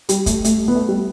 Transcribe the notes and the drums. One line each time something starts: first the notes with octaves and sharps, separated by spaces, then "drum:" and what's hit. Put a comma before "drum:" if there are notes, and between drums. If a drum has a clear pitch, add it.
G3, drum: hi-hat
A3, drum: kick, hi-hat
A3, drum: hi-hat
B3
A3
G3